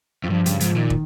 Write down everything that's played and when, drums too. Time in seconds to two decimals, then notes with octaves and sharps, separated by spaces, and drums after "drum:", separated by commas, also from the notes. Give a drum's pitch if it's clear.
0.24 F2
0.30 G2 F3
0.46 G2 C#3, drum: hi-hat
0.60 G#2 F3, drum: hi-hat
0.75 A#2 D#3
0.90 drum: kick